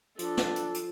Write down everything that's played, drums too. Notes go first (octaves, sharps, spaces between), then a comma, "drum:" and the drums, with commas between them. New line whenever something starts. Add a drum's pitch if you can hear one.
F3 D4 A4, drum: hi-hat
drum: snare
drum: hi-hat
drum: hi-hat